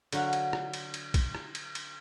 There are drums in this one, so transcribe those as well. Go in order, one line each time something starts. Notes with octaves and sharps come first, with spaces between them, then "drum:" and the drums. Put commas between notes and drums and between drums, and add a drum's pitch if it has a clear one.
D3 F#3 F#4 F5, drum: cymbal
drum: cymbal
drum: rim click
drum: cymbal
drum: cymbal
drum: kick, cymbal
drum: rim click
drum: cymbal
drum: cymbal